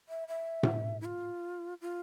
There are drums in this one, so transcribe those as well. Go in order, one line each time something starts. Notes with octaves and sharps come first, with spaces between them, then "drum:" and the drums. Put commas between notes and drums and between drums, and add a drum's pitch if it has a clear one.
E5
E5
drum: tom A2
E4
F4
F4